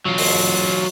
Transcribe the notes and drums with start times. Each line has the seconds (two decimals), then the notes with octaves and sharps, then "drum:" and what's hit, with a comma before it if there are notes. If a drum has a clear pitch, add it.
0.06 F#3 F4
0.18 drum: open hi-hat